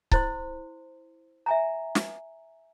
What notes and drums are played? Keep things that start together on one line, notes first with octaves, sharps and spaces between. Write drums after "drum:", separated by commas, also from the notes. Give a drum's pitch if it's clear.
E4 C5 C6, drum: kick C#1
E5 G#5 A#5
drum: snare